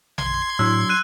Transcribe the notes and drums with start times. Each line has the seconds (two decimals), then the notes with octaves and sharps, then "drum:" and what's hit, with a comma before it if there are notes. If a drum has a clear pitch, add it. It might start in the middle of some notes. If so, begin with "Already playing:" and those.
0.18 C6 G#6, drum: tom A#1
0.59 A2 F#3 D4 E6
0.89 F#6 D#7